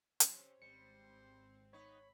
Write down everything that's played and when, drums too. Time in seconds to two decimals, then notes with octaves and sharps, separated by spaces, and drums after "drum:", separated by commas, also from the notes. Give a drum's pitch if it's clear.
0.20 C3 C#4 C5 C#5, drum: hi-hat
0.62 G#1 G3 C4 C5 C#7
1.73 B3 D#4 C#5 B5